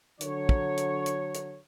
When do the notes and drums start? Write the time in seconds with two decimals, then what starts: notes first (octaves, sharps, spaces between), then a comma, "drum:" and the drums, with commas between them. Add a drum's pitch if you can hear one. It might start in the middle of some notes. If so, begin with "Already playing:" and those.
0.21 D3 F#3 C#5, drum: hi-hat
0.49 drum: kick
0.77 drum: hi-hat
1.06 drum: hi-hat
1.34 drum: hi-hat